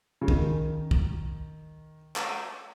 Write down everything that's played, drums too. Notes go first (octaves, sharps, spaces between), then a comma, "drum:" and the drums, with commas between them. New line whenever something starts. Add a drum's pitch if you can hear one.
C#3
D#3, drum: kick
drum: kick
drum: clap